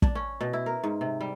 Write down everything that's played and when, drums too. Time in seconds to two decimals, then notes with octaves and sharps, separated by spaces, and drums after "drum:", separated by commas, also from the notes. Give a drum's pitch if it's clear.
0.02 D4, drum: kick
0.15 C#4
0.41 B2
0.53 E4
0.66 A#4
0.84 G#2
1.01 C3
1.21 G3